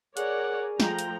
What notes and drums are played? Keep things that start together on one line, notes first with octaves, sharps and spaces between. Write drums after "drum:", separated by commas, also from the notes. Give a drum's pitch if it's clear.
G#4 A#4 C#5 D5 F#5, drum: hi-hat
F3 A3 G5 A#5, drum: snare
drum: hi-hat